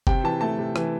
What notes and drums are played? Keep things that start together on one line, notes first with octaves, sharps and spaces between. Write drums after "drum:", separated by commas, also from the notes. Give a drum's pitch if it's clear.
C3 G5, drum: kick F#1
E3 A5
A3 A5
C3
E3, drum: rim click